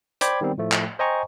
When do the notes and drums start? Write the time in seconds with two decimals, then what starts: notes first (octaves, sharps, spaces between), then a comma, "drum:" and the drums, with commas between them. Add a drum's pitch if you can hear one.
0.21 C5 D5 G5 B5 D6 G#6, drum: hi-hat
0.41 D#3 G3 B3 C4
0.58 A2 F3 A3
0.72 drum: clap
0.99 C5 D#5 G5 G#5 A#5 C#6